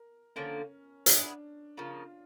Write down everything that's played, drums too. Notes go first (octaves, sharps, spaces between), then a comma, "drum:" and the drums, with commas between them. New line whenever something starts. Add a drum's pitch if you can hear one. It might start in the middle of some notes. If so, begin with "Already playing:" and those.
Already playing: A#4
D3 F3 A#3 C#4
B3 D4 E4 G#4 B4, drum: hi-hat
C#3 F3 A#3 F4